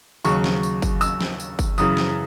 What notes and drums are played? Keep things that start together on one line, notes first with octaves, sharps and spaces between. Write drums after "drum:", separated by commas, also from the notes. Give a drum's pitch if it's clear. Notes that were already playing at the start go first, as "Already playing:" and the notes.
D#2 C#3 F#3 C#6, drum: tambourine
drum: snare
drum: tambourine
drum: kick G1, tambourine
E6, drum: tambourine
drum: snare
drum: tambourine
drum: kick G1, tambourine
F#2 C#3 E3 D#6, drum: tambourine
drum: snare